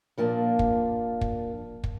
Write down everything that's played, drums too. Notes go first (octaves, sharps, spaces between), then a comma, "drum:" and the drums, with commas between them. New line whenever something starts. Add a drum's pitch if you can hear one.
A#2 F3 A#3 D4
drum: kick
drum: kick
drum: kick